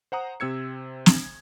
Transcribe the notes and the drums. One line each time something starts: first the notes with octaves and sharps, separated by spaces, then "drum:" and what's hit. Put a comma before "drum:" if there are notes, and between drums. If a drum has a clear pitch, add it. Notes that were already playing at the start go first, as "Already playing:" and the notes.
C5 F#5 A#5 D#6
C3 C4 E6 G#6 C#7
G#6, drum: snare